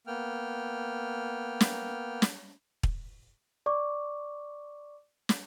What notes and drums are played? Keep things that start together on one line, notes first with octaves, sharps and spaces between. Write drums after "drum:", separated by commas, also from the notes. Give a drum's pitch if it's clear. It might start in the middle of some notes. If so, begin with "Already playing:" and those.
A#3 B3 G5 F6
drum: snare
drum: snare
drum: kick
D5 C#6 D6
drum: snare